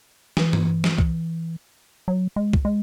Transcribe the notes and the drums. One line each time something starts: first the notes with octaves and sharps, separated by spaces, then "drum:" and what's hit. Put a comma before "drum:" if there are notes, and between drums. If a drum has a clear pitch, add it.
E3, drum: snare
drum: tom
drum: snare
drum: kick C2
F#3
G#3
drum: kick C2
G#3